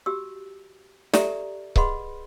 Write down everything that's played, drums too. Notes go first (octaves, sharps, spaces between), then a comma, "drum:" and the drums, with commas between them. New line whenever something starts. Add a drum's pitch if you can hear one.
F#4 G4 E6
G4 A4 D5 E5 A#5, drum: snare
G#4 B4 D#5 F#5 B5 C6, drum: kick C#1